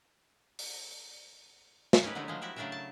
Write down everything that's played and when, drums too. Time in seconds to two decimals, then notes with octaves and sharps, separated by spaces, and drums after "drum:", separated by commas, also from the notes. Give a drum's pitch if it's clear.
0.59 drum: open hi-hat
1.93 drum: snare
2.03 C#4 D#4 E4 G4 B4
2.15 D3 F#3 A3 D#4 E4
2.28 F3 F#3 G#3
2.42 E4 F#4 G4 E5
2.56 C#3 F#3 A3 D4 A#4 E5
2.72 A5